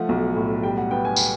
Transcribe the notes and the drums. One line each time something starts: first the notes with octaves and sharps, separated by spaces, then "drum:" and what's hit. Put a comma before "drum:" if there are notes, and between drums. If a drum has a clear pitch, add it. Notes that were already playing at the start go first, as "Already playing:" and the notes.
Already playing: F3 A3 F#5
B1
A2
G3 G5
F#5
B3 G5
G#5
G5, drum: tambourine